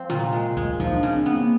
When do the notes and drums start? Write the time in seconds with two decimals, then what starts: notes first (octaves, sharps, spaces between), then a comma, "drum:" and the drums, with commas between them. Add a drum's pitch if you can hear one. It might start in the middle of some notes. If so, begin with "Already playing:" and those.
Already playing: F3 C4
0.10 A#2 F4, drum: tom C3
0.32 G#3
0.57 G#3, drum: kick
0.80 F3 D#4, drum: kick
0.96 D4
1.03 C#3
1.14 C4
1.26 B3
1.32 A#3